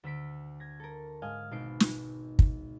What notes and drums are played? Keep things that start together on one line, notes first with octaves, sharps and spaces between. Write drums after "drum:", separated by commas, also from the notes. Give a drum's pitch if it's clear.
D2 E6 B6 D7
G#6 A#6
A4 A#4
G#2 D#5 F5 G#5
G#1 B2 D#4 C7 D7
drum: snare
drum: kick